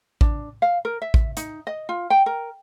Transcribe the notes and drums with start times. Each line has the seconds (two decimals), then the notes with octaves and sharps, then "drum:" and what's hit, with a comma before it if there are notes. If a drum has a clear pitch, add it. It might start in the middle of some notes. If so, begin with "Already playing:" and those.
0.21 D4, drum: kick A1
0.62 F5
0.85 A#4
1.02 E5
1.14 drum: kick A1
1.37 D#4, drum: hi-hat
1.67 D#5
1.89 F4
2.10 G5
2.26 A#4